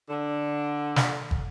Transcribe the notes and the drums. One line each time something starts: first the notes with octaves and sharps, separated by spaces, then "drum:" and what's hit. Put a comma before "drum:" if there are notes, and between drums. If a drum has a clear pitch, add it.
D3
drum: snare
drum: kick